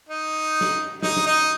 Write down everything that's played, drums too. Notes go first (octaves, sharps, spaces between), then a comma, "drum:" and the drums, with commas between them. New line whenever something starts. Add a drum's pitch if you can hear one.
D#4
drum: snare
D#4, drum: snare
drum: snare
D#4